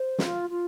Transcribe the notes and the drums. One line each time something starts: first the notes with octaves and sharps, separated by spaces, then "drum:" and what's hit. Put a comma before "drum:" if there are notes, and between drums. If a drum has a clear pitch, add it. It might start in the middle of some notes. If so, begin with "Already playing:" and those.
Already playing: C5
F4, drum: snare
F4